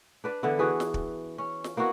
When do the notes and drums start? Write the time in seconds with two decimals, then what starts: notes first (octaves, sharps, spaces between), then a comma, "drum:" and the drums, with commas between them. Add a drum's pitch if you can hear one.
0.24 D4 B4 D5
0.43 D3 E3 B3 E4
0.59 E3 F#4 G#4 B4
0.80 drum: snare
0.94 drum: kick
1.38 C#4
1.64 drum: snare
1.77 A#3 B3 E4 F#4